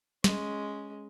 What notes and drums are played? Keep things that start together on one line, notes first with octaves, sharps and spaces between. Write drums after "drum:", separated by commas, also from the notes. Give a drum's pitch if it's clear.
G#3 C#4, drum: snare